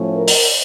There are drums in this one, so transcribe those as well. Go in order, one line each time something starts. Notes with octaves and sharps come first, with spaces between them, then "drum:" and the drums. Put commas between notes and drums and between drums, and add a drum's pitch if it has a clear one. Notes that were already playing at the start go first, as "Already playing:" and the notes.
Already playing: A2 F3 A3 C#4
A#4
drum: open hi-hat